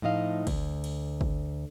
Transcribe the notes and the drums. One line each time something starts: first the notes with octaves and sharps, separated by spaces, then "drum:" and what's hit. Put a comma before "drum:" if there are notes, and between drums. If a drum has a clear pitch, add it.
A2 F3 D#4 D#5 F5
D2, drum: kick, cymbal
drum: cymbal
drum: kick